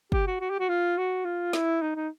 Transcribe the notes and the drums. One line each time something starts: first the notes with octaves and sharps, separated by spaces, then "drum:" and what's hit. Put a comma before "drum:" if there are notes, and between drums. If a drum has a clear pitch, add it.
G4, drum: kick
F#4
F#4
G4
F#4
F4
F#4
F4
E4, drum: snare
D#4
D#4